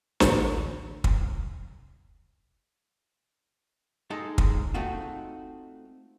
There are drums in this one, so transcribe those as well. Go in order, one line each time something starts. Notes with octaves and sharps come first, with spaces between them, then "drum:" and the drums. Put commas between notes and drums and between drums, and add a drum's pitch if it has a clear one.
A1 D2 C#5 C#7, drum: snare
drum: kick
G#3 D#4 G#4 A4
drum: kick
A3 C4 D#4 F4 F#4